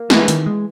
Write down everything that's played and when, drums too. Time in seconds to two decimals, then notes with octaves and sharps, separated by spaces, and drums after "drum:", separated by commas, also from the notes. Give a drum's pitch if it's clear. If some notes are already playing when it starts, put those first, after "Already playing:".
Already playing: A#3
0.10 E3 G#3, drum: snare
0.28 D#3, drum: hi-hat
0.46 G#3